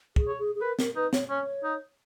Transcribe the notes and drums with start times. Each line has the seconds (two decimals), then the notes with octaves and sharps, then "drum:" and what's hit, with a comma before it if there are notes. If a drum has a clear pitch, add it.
0.16 G#4, drum: kick C2
0.28 C#5
0.39 G#4
0.55 G#4
0.61 A#4 B4
0.79 A#4, drum: snare
0.96 D#4 B4
1.13 C#5, drum: snare
1.29 C#4 C#5
1.64 D#4